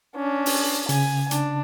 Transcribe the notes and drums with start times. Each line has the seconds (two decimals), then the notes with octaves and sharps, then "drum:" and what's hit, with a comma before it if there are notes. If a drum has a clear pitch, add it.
0.16 C#4 D4
0.46 drum: open hi-hat
0.89 C#3 G#5, drum: hi-hat
1.31 D4, drum: hi-hat